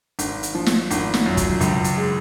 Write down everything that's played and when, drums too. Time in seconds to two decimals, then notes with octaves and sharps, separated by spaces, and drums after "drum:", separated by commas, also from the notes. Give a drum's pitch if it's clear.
0.19 G#1, drum: hi-hat
0.43 drum: hi-hat
0.55 F3
0.66 drum: snare
0.91 G#1, drum: hi-hat
1.14 drum: snare
1.26 F#2
1.37 drum: kick, hi-hat
1.61 C#2, drum: hi-hat
1.84 drum: hi-hat
1.96 G#3